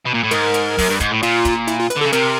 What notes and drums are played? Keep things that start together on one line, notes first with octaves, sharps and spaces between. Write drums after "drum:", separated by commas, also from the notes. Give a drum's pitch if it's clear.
B2
A#2
A2
G#2 A#4, drum: hi-hat
drum: hi-hat
F#2, drum: kick, open hi-hat
G2
G#2, drum: kick, hi-hat
A2
A#2 F4, drum: hi-hat
drum: kick, hi-hat
E4, drum: hi-hat
F4
B4, drum: hi-hat
D3
A4
C#3
C3 A#4, drum: hi-hat